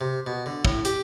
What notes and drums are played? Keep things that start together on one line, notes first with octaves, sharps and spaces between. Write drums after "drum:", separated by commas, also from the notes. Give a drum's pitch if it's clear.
C3
B2
D3
A2, drum: kick
G4, drum: hi-hat